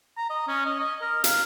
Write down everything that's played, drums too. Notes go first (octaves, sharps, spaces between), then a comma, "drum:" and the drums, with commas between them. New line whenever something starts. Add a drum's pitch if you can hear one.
A#5
D#5
C#4
D#5
D#5
A#4
F5, drum: hi-hat